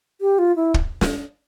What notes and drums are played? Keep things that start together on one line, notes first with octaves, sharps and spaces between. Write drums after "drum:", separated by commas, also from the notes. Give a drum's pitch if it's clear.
G4
F4
E4
drum: kick
drum: snare